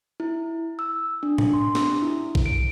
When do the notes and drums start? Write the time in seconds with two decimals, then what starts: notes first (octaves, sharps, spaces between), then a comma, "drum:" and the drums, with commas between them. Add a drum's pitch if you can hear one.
0.20 E4
0.79 E6
1.23 D4
1.38 drum: tom A2
1.53 C6
1.75 D4, drum: snare
2.02 E4
2.35 drum: kick A#1
2.46 D7